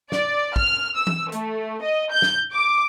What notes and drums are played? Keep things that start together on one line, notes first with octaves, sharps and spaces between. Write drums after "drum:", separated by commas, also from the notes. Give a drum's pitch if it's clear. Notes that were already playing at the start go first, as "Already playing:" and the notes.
D5, drum: snare
F6, drum: kick
E6
drum: tom E3
A3, drum: hi-hat
D#5
G6
drum: snare
D6